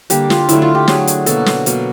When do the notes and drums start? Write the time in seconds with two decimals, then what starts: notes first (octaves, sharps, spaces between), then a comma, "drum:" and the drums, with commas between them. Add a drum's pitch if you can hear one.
0.10 D3 G3 A#3 G4, drum: hi-hat
0.30 F4, drum: snare
0.49 D3 F#3 A3 E4, drum: hi-hat
0.62 F4
0.75 G4
0.88 D3 F#3 A3 G#4, drum: snare
1.07 drum: hi-hat
1.26 B2 F#3 A#3 A4, drum: hi-hat
1.46 drum: snare
1.66 B2 F#3 A#3, drum: hi-hat